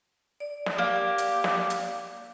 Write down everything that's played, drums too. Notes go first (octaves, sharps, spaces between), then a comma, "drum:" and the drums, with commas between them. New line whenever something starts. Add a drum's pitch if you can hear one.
D5
drum: snare
A#3 G4
drum: hi-hat
drum: snare
drum: hi-hat